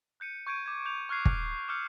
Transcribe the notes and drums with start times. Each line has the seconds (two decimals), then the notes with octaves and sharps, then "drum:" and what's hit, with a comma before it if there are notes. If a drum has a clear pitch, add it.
0.20 F#6 G6 C#7 D#7
0.47 C#6 G6 G#6 D7 D#7
0.66 D6 G#6
0.85 D6 G6 F7
1.09 C#6 F6 F#6 G#6 C7
1.26 drum: kick
1.68 D6 E6 F6 G6 C#7